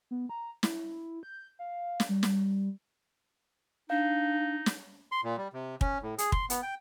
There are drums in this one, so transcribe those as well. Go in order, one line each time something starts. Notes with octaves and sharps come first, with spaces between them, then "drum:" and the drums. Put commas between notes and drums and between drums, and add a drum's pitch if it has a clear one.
B3
A#5
E4, drum: snare
G6
F5
drum: snare
G3
drum: snare
D4 D#4 F5
drum: snare
C6
A#2
G3
C3
C#4, drum: kick
A2
G#4, drum: hi-hat
C6, drum: kick
B3, drum: hi-hat
G5